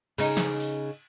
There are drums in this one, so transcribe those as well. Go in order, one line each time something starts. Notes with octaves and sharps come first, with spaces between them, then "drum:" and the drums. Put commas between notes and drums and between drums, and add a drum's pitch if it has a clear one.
C#3 D#4, drum: cymbal
drum: snare
drum: open hi-hat